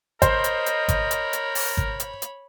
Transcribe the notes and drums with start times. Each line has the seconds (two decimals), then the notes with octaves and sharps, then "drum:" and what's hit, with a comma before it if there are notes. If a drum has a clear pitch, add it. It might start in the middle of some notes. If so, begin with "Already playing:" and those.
0.22 A#4 C5 C#5 D#5 B5, drum: kick G#1, hi-hat
0.44 drum: hi-hat
0.66 drum: hi-hat
0.88 drum: kick G#1, hi-hat
1.11 drum: hi-hat
1.33 drum: hi-hat
1.55 drum: open hi-hat
1.77 drum: kick G#1
2.00 drum: hi-hat
2.22 drum: hi-hat